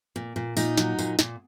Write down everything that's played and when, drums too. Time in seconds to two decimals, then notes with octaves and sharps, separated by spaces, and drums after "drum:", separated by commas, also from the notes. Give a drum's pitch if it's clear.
0.16 A#2
0.36 A#2
0.57 A#2 D#4, drum: tambourine
0.78 F#3, drum: snare
0.99 A#2, drum: tambourine
1.19 A#2, drum: snare